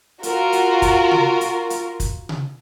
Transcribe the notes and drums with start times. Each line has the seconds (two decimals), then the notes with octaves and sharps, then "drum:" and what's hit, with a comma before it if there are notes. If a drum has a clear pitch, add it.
0.23 F4 F#4 A#4, drum: hi-hat
0.53 drum: hi-hat
0.82 drum: kick, hi-hat
1.11 drum: tom C3
1.41 drum: hi-hat
1.70 drum: hi-hat
2.00 drum: kick, hi-hat
2.29 drum: tom C3